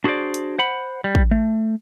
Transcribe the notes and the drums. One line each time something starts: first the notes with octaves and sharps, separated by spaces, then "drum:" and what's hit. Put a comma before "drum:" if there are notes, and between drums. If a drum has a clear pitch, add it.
D4 F#4 G#4 B4 C5 D5
drum: hi-hat
C5 F#5 B5
G3
drum: kick
A3